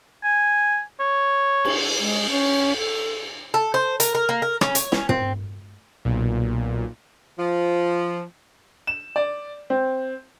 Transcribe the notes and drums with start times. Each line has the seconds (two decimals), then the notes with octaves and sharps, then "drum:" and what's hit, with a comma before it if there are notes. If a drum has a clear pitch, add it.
0.24 G#5
1.00 C#5
1.65 drum: cymbal
1.99 G#3
2.30 C#4
2.77 A4
3.54 A4
3.74 C5
4.00 A#4, drum: hi-hat
4.15 A#4
4.29 A#3
4.42 A#4
4.61 C#4, drum: rim click
4.75 C#5, drum: hi-hat
4.92 C#4, drum: snare
5.09 C4, drum: tom
6.05 B1 A#2
7.39 F3
8.87 E7
9.16 D5
9.70 C4